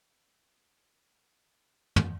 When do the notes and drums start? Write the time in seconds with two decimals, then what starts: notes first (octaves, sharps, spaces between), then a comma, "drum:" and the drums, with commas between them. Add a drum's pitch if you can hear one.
0.18 A#2 F#4 A#4 B4 D5
0.73 B3
1.08 E4
1.96 drum: tom